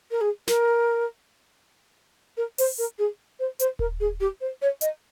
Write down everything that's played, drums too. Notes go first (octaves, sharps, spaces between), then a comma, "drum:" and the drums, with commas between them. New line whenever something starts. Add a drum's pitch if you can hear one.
A#4
G#4
A#4, drum: snare
A#4
C5, drum: open hi-hat
A#4
G#4
C5
C5, drum: hi-hat
A#4, drum: kick D#1
G#4
G4
C5
C#5
D#5, drum: hi-hat